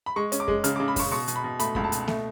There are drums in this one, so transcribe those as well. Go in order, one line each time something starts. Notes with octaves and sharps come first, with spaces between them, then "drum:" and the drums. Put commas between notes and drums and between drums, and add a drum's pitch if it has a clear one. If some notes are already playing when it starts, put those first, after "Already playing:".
B5
G#3 C#6
C#4, drum: hi-hat
D6
G#3, drum: kick F2
C#3 F6, drum: hi-hat
C#3 D6
B5
C#3 C#6, drum: kick F2, open hi-hat
B2 C#6
B2, drum: hi-hat
B5
B2
A3 B5, drum: hi-hat
C#2 B5, drum: kick F2
A5
B2, drum: hi-hat
A3, drum: snare A#3